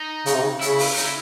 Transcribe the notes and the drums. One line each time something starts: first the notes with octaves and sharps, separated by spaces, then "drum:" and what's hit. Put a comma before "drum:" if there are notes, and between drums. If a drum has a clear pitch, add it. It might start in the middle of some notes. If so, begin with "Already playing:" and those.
Already playing: D#4
C#3, drum: hi-hat
C3
C#3
C#3 E4, drum: hi-hat
drum: open hi-hat
D#4, drum: hi-hat
E4